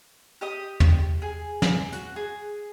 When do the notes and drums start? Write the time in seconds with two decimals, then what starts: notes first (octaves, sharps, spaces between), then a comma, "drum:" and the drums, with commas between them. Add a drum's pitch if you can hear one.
0.41 G4 D#5 D#6
0.80 drum: tom
1.22 G#4
1.62 drum: snare
1.92 F#4, drum: hi-hat
2.16 G#4